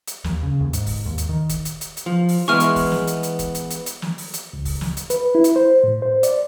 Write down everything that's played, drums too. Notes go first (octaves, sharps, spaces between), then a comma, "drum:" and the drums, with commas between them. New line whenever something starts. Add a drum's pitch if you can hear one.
drum: hi-hat
D#2, drum: snare
C#3
D#2
G#2, drum: hi-hat
drum: kick, open hi-hat
D#2
drum: hi-hat
D#3
drum: kick, hi-hat
drum: hi-hat
drum: hi-hat
drum: hi-hat
F3
drum: open hi-hat
E3 G#3 B3 C#6 F6
drum: hi-hat
drum: kick, open hi-hat
drum: snare
drum: hi-hat
drum: hi-hat
drum: kick, hi-hat
drum: hi-hat
drum: hi-hat
drum: hi-hat
drum: snare
drum: open hi-hat
drum: hi-hat
C#2
drum: kick, open hi-hat
drum: snare
drum: hi-hat
B4, drum: hi-hat
E4
drum: hi-hat
C5
A2
C5
D5, drum: hi-hat